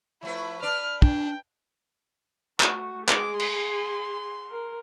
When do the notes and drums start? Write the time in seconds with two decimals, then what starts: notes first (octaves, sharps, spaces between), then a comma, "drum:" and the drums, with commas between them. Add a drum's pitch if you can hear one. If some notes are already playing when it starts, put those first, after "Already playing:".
0.23 F3 A3 E4 B4
0.62 D4 B4 D5 F6
1.02 A#2 D4 G5, drum: kick
2.60 A3 F#4, drum: clap
3.08 G#3 G#4 D6, drum: clap
3.39 C6, drum: cymbal
4.51 A#4